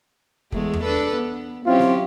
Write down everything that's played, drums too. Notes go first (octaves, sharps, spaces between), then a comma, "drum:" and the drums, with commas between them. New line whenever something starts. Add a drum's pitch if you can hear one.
E2 G#3 A3, drum: kick
drum: tom E2
D4 A4 B4
B3
F#3 C4 C#4 E4 F4 G4
drum: snare